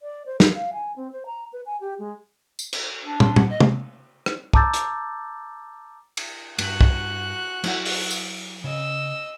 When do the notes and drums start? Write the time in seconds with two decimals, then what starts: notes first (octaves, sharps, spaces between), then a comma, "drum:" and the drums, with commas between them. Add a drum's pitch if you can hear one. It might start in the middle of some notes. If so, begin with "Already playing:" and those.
0.01 D5
0.26 C5
0.40 A#4, drum: snare
0.55 F5
0.73 G#5
0.96 C4
1.12 C5
1.26 A#5
1.53 B4
1.66 G#5
1.81 G4
1.99 G#3
2.59 drum: tambourine
2.73 drum: cymbal
3.05 D4
3.20 C6, drum: tom
3.36 F#5, drum: tom
3.49 D#5
3.60 drum: tom
4.26 drum: rim click
4.53 A5 A#5 D6 E6 G6 A6, drum: kick
4.74 drum: hi-hat
6.17 drum: cymbal
6.58 G2 F#4 F#6, drum: cymbal
6.81 drum: kick
7.64 F#3 E4 F#5, drum: cymbal
7.85 drum: open hi-hat
8.11 drum: tambourine
8.64 C#3 D#5 E6